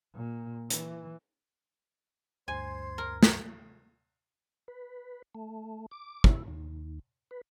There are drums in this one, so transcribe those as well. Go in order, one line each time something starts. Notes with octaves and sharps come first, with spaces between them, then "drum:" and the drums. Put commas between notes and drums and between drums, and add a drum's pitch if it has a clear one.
A#2
E3, drum: hi-hat
D2 G2 C5 G#5 C6 G#6
A#4
drum: snare
B4
A3
D6
E4, drum: kick
D#2
B4